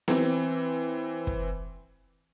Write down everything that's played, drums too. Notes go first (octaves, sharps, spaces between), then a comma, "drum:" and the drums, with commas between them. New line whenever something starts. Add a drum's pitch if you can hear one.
E3 C4, drum: snare B3
drum: kick